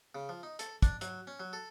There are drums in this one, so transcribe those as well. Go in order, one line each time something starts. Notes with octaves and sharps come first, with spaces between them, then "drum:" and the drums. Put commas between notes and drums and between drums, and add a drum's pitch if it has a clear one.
C#3
F3
D#4
A4, drum: hi-hat
D4, drum: kick, hi-hat
F#3, drum: hi-hat
C#4
F#3
A4